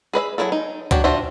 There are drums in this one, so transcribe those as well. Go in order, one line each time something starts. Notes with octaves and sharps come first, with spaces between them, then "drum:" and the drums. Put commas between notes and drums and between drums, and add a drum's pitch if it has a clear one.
G#4 B4 D#5 E5
F#3 A3 E4 G#4 A4
D#4
F#3 D4 F#4 G4, drum: kick, hi-hat
D4 F4 F#4 C5 E5